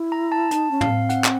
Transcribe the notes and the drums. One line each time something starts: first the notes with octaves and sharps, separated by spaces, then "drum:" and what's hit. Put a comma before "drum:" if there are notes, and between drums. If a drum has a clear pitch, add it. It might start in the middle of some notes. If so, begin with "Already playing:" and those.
Already playing: E4
A#5
A5
D#4 A5, drum: hi-hat
C#4
F5, drum: tom
C4
F#5, drum: hi-hat
drum: clap